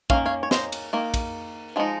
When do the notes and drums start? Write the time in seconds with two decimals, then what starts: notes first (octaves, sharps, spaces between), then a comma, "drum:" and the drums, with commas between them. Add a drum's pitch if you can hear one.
0.10 D#3 A#3 C#4 F5, drum: kick
0.26 C#5 F5
0.43 C#5
0.51 C5 D#5, drum: snare
0.72 drum: cymbal
0.93 D#3 A#3
1.14 drum: kick, cymbal
1.76 F3 G#3 D#4